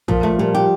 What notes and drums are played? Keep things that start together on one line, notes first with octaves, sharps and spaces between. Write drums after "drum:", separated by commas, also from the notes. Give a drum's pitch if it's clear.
A#2 F3, drum: tom
A3
A#2 G3
G4